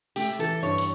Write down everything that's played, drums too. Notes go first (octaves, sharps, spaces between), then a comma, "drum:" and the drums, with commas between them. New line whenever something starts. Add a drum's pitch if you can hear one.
A3 G4, drum: open hi-hat
E3 A4
G2 C#5
drum: hi-hat